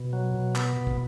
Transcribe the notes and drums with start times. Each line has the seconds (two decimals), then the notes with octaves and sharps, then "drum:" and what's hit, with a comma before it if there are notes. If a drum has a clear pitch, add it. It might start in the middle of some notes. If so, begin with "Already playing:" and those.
Already playing: B2
0.13 F#3
0.34 B2
0.55 B3, drum: clap
0.77 B2
0.87 drum: kick